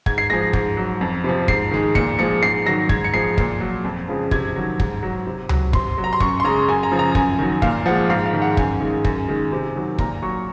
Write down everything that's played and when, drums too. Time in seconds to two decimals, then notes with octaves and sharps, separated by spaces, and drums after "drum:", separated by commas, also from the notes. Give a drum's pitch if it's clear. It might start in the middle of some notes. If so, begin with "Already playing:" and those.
0.06 G#2 G#6, drum: kick
0.18 C7
0.30 F3 G#3 A#6
0.53 G#2, drum: kick
0.77 F#3
1.01 F2
1.24 C3 F3
1.48 G#2 C7, drum: kick
1.71 D#3 G#3
1.95 A#2 C#7, drum: kick
2.19 F3 G#3 C#7
2.43 G#2 C7
2.66 D#3 F#3 A#6
2.89 G#2 G#6, drum: kick
3.04 C#7
3.14 F3 G#3 C7
3.38 A#2, drum: kick
3.60 F#3
3.84 F2
4.08 C#3 F3 G#3
4.31 C3 G#6, drum: kick
4.56 D#3 F#3
4.80 G#2, drum: kick
5.03 F#3
5.27 C3
5.49 F#3, drum: tom C#2
5.73 C3 C6, drum: kick
5.98 F#3
6.04 A#5
6.13 C6
6.20 F#2 C#6, drum: kick
6.40 C6
6.44 C#3 G#3 A#5
6.68 F#2 G#5
6.83 A#5
6.92 C#3 F3
6.99 A#5
7.15 F#2 G#5, drum: kick
7.39 D#3 F#3
7.62 A#2 F5, drum: kick
7.86 F3 G#3 F#5
8.10 G#2 F5
8.26 F5
8.33 D#3 G#3
8.42 F#5
8.57 F#2 G#5, drum: kick
8.80 D#3 G#3
9.05 F#2, drum: kick
9.29 D#3 G#3
9.52 C3
9.76 D#3 F#3
9.98 A#2 A#5, drum: kick
10.22 F#3 C#6